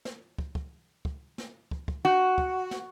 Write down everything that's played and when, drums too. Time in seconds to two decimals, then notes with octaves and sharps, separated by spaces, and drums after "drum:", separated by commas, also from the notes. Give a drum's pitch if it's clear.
0.05 drum: snare
0.38 drum: kick
0.55 drum: kick
1.05 drum: kick
1.38 drum: snare
1.71 drum: kick
1.88 drum: kick
2.05 F#4
2.38 drum: kick
2.71 drum: snare